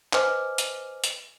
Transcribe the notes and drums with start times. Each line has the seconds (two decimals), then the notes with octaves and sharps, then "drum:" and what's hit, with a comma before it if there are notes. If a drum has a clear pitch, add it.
0.13 B4 C5 D#5 G#5 D6 F6, drum: clap
0.58 drum: hi-hat
1.04 drum: hi-hat